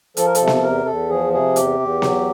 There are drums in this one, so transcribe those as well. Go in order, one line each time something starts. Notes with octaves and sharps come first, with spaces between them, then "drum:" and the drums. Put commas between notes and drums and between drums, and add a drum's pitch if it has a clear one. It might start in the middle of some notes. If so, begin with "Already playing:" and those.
F3 A4, drum: hi-hat
A#4
C3 A4, drum: hi-hat
drum: snare B3
E2 A#4
E2 A4
F3 G#4
C3 G#4
E2 G4, drum: hi-hat
E2
F#3, drum: snare B3